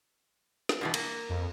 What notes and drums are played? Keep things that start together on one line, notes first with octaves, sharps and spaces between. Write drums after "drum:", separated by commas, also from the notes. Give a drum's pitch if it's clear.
drum: snare
G2 B2 E3
A#3, drum: cymbal
F2